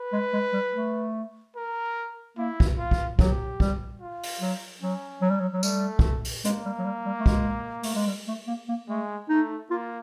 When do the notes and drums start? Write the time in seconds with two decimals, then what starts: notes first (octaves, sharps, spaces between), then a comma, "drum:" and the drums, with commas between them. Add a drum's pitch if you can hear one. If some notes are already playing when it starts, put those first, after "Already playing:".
Already playing: B4
0.13 G#3
0.33 G#3
0.53 G3
0.74 A3
1.56 A#4
2.37 A#3 E4
2.60 drum: kick
2.78 F4
2.91 drum: kick
3.19 F#3 G4, drum: kick
3.60 G3, drum: kick
4.00 F4
4.23 drum: open hi-hat
4.41 F#3
4.82 F#3 C#4
5.22 F#3
5.30 G3
5.40 F#3
5.53 F#3
5.63 G3 A3, drum: tambourine
5.99 drum: kick
6.24 drum: open hi-hat
6.45 G#3 A#3, drum: hi-hat
6.65 G3
6.79 F#3
6.85 G3
7.06 G3
7.20 A3
7.26 G#3, drum: kick
7.83 A3, drum: open hi-hat
7.95 G#3
8.08 G3
8.28 A3
8.48 A#3
8.69 A#3
8.89 G#3 A3
9.29 A3 D#4
9.71 A#3 F4